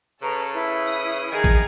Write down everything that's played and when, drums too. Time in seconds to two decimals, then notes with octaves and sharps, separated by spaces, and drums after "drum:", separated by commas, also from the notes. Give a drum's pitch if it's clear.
0.22 C#3 A4 B4 A#5 C#6
0.53 E4 B4 E5
0.88 D#6
1.32 D#3 G#4 G#5 A#5
1.44 drum: kick A1